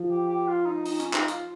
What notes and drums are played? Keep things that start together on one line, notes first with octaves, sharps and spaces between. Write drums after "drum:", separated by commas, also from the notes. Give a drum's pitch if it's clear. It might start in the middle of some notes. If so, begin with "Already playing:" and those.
Already playing: F3
G4
G4
F4
D#4
D#4, drum: open hi-hat
C#4, drum: hi-hat
D#4, drum: clap
F4, drum: hi-hat